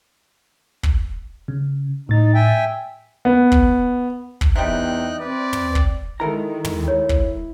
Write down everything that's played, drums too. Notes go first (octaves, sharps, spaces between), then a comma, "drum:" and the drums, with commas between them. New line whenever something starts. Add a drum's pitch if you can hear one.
drum: kick
C#3
A2 D#4 A6
E5 G5 G#5
B3
drum: kick
drum: kick
E2 C3 G3 D#4 G5 F#6
C4 B4 D5
drum: tom
drum: kick
D#3 G#3 E4 A4 A#4 A#5
drum: tom
C#5
drum: kick